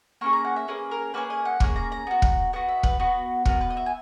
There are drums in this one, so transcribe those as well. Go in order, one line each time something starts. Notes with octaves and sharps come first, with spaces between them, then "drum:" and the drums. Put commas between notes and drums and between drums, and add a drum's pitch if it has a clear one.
A#3 C#4 G#4 C#6
A#5
F#5
E5
A#3 C#4 G#4 B4
A#4
A#3 C#4 G#4 B4
D#5
F#5
A#3 C#4 G#4, drum: kick
A#5
A#5
B3 F#4
drum: kick
B3 F#4 F#5
E5
B4, drum: kick
B3 F#4 B4
B3 F#4 A#4, drum: kick
B4
D#5
E5
G#5